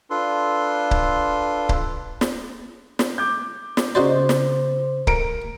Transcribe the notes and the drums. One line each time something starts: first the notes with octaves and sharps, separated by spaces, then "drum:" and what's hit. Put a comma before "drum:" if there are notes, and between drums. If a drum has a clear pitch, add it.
D4 F4 A4 B4 C6
drum: kick C#1
drum: kick C#1
drum: snare
drum: snare
D6 G6
drum: snare
C#3 D#4 F#4 C5 D5
drum: snare
A#4 A#5 D7, drum: kick C#1